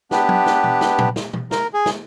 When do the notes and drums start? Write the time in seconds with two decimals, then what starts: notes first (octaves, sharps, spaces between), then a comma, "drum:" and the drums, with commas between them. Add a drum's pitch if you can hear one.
0.11 B3 D4 G4 B4, drum: snare
0.29 drum: tom F#3
0.46 drum: snare
0.64 drum: tom B2
0.81 drum: snare
0.99 drum: tom A#2
1.16 drum: snare
1.33 drum: tom B2
1.51 A#4, drum: snare
1.74 G#4
1.86 drum: snare